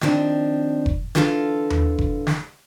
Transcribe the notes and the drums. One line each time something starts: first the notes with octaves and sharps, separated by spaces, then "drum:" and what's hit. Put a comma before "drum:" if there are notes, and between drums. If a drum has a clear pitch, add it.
D#3 F3 C4 D4, drum: snare
drum: kick F1
D3 E3 F4 A4 D5 F5, drum: snare
drum: tom D#2
drum: kick F1
drum: snare